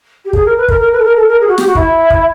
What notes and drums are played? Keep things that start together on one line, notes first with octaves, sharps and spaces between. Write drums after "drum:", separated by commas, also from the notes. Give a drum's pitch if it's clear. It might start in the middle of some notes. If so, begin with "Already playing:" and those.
G4
G#4, drum: kick
A#4
B4
A#4, drum: kick
A#4
B4
A4
A#4
A4
A#4
G#4
F#4
G4, drum: snare
F#4
E4, drum: kick
drum: kick